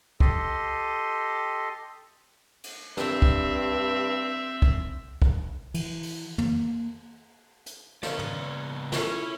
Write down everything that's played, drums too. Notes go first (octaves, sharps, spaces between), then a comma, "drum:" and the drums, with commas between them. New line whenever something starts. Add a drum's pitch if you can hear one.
G4 A4 D#5 C6, drum: kick
drum: cymbal
G2 C4 E5, drum: snare
drum: kick
drum: kick
drum: kick
E3, drum: cymbal
drum: open hi-hat
A#3, drum: tom
drum: hi-hat
C#3 B3 C#4 D5 D#5 F5, drum: snare
drum: tom
C#4 E4 F4 A4 A#4, drum: snare